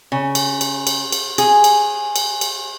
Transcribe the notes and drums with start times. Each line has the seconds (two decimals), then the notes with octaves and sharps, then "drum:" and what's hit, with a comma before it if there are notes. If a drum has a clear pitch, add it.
0.12 C#3
0.35 drum: cymbal
0.61 drum: cymbal
0.87 drum: cymbal
1.12 drum: cymbal
1.38 G#4, drum: cymbal
1.64 drum: cymbal
2.16 drum: cymbal
2.41 drum: cymbal